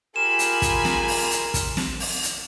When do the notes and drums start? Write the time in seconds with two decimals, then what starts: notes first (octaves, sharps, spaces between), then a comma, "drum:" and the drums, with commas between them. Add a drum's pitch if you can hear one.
0.16 F4 G4 G#4 A#4 G#5 B5 C6 E7
0.39 drum: hi-hat
0.62 drum: kick, hi-hat
0.85 drum: snare
1.08 drum: open hi-hat
1.31 drum: hi-hat
1.54 drum: kick, hi-hat
1.77 drum: snare
2.00 drum: open hi-hat
2.23 drum: hi-hat